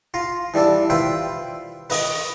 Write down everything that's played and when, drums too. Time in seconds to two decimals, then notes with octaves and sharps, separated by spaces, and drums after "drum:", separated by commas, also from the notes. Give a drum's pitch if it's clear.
0.14 F4 A#5 C6
0.54 E3 G3 D4 A4 D5
0.90 F4 B4 C5 E5 G5
1.90 B4 D#5, drum: open hi-hat